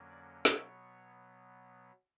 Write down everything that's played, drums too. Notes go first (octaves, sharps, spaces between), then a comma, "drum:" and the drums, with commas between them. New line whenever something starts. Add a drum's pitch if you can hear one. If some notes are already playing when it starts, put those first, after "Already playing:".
Already playing: F2 D3 F#3 A#3 C#4
D5
B2 F#3 B3 C#5, drum: snare